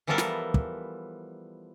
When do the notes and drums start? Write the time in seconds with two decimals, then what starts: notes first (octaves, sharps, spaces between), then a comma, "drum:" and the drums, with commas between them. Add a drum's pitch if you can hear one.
0.07 E3 F3 G3 B3 A4 A#4
0.18 drum: snare
0.54 drum: kick